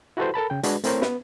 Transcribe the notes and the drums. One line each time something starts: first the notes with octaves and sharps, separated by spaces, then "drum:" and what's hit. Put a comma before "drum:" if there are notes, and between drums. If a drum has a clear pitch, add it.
E4 F#4 G4 A4 B4 C5
A4 A#4 A5 B5
C#3 G5
G#3 D4 F#4 G#4 B4, drum: hi-hat
A3 C4 E4 A#4 C5 C#5, drum: hi-hat
B3 B4, drum: snare